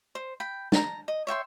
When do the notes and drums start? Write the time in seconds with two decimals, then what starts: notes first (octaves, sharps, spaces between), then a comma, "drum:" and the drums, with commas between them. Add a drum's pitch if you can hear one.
0.15 C5
0.40 G5 B5
0.72 A5 A#5, drum: snare
1.08 D#5
1.27 C#5 E5 G5 C6